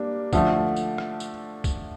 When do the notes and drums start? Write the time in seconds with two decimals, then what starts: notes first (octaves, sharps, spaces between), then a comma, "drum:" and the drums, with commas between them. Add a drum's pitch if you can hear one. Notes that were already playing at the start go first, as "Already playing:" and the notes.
Already playing: G3 A#3 D4
0.33 D3 F3 A3, drum: kick, tambourine
0.76 drum: tambourine
0.98 drum: rim click
1.20 drum: tambourine
1.64 drum: kick, tambourine